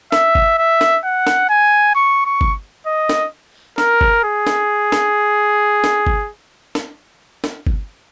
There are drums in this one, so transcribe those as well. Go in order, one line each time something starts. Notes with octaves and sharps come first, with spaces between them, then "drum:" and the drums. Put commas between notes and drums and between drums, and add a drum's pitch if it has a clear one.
E5, drum: snare
drum: kick G1
E5
drum: snare
F#5
drum: snare
G#5
C#6
C#6
drum: kick G1
D#5
drum: snare
A#4, drum: snare
drum: kick G1
G#4
drum: snare
drum: snare
drum: snare
drum: kick G1
drum: snare
drum: snare
drum: kick G1